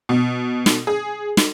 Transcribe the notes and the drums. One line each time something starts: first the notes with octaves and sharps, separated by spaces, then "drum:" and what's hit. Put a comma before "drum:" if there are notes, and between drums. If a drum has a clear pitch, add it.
B2
drum: snare
G#4
drum: snare